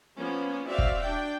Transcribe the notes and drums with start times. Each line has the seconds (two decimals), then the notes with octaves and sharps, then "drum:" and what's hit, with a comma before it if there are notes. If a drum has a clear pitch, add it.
0.17 F3 A#3 B3 C#4
0.66 C4 F#4 D5 E5 F5
0.78 drum: kick
1.00 D4 G5